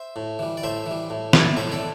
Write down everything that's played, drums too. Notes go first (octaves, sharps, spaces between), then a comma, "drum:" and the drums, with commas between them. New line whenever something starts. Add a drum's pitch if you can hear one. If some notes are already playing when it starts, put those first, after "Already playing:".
Already playing: C5 E5
A2
E3 G3
D5
A2 C5 E5
E3
G3
A2
E3 G3, drum: snare
A2 C5 E5
A4 D5